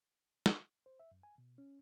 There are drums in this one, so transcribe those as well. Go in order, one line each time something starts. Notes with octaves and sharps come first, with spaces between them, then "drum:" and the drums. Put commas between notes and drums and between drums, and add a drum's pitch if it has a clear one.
drum: snare
C5
E5
F#2
G#5
B2
C#4